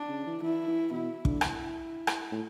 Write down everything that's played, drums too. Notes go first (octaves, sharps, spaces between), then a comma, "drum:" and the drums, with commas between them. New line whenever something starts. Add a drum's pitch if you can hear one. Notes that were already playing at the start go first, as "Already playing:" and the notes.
Already playing: D4
C#3
E3
E3 E4
E3
B2 E4
D3, drum: kick
E4, drum: rim click
drum: rim click
A2